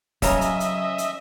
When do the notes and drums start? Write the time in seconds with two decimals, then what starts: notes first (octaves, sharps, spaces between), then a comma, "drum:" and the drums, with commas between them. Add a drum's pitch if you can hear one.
0.22 C#3 F#3 C#4 D#5 E5 G#5 A#5, drum: kick, open hi-hat
0.41 drum: hi-hat
0.60 drum: hi-hat
0.98 drum: hi-hat